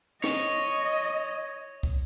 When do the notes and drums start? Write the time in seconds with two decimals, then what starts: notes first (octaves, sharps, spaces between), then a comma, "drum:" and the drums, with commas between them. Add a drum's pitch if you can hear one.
0.24 C#5 D#5, drum: snare
1.83 drum: kick